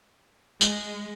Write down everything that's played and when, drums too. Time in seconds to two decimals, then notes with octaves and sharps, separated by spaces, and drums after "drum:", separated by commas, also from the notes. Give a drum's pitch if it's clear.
0.61 G#3, drum: tambourine